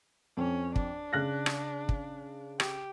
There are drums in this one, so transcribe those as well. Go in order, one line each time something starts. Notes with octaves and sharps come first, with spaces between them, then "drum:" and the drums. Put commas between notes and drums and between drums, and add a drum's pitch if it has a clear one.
F2 C#4
D4, drum: kick
C#3 F#6 A#6
drum: rim click
drum: kick
G4, drum: rim click